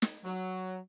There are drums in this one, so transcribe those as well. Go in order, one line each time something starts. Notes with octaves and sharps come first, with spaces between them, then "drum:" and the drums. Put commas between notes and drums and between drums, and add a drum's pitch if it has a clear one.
drum: snare
F#3